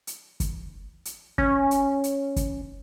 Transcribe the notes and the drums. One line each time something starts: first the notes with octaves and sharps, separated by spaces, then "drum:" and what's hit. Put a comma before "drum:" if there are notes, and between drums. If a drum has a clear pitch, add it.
drum: hi-hat
drum: kick, hi-hat
drum: hi-hat
C#4, drum: kick
drum: hi-hat
drum: hi-hat
drum: kick, hi-hat